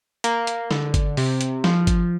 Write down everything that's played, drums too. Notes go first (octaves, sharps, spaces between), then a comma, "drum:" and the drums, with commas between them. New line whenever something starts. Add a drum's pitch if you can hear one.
A#3, drum: hi-hat
drum: hi-hat
D3, drum: snare
drum: kick G1, hi-hat
C3, drum: open hi-hat
drum: hi-hat
F3, drum: snare
drum: kick G1, hi-hat